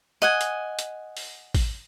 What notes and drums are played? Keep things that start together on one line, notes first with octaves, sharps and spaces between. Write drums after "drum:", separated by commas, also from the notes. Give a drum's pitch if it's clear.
D#5 F#5 G#5
drum: hi-hat
drum: hi-hat
drum: open hi-hat
drum: kick A1, open hi-hat